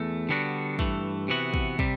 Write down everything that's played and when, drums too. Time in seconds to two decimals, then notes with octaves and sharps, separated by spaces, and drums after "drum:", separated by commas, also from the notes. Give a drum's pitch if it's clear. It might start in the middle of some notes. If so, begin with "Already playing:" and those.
Already playing: E2 A3
0.29 D3 G3 B3 D4 F#4
0.79 G2 E3 A3, drum: kick
1.28 C3 E3 B3 F#4
1.54 drum: kick
1.79 C3 G3, drum: kick